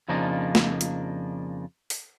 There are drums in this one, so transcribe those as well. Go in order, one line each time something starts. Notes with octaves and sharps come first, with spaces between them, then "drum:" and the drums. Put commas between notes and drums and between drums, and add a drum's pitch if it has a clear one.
F2 C#3 F3 A#3 D4 D#4
drum: snare
drum: hi-hat
drum: open hi-hat